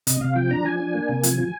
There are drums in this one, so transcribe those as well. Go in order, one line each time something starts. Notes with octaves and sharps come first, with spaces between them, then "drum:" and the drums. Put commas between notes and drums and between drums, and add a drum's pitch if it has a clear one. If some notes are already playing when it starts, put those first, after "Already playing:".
C3 D#5, drum: hi-hat
C3 F5
F3 G5
D4 A#5
F3 G#5
D4
A#3
C3
F3, drum: hi-hat
F3